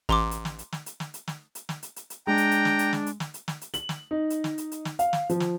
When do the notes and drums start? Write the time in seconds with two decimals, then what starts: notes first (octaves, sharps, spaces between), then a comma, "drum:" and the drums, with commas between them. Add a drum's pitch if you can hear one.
0.09 A1 A#5 C6 D6
0.31 drum: hi-hat
0.45 drum: snare
0.59 drum: hi-hat
0.72 drum: snare
0.86 drum: hi-hat
1.00 drum: snare
1.14 drum: hi-hat
1.28 drum: snare
1.55 drum: hi-hat
1.69 drum: snare
1.83 drum: hi-hat
1.96 drum: hi-hat
2.10 drum: hi-hat
2.27 G#3 D4 G5 A#5
2.38 drum: hi-hat
2.51 drum: hi-hat
2.65 drum: snare
2.79 drum: hi-hat
2.93 drum: snare
3.06 drum: hi-hat
3.20 drum: snare
3.34 drum: hi-hat
3.48 drum: snare
3.61 drum: hi-hat
3.74 F#7, drum: hi-hat
3.89 drum: snare
4.11 D#4
4.30 drum: hi-hat
4.44 drum: snare
4.58 drum: hi-hat
4.72 drum: hi-hat
4.85 drum: snare
4.99 F5, drum: hi-hat
5.13 drum: snare
5.29 F3, drum: hi-hat
5.40 drum: snare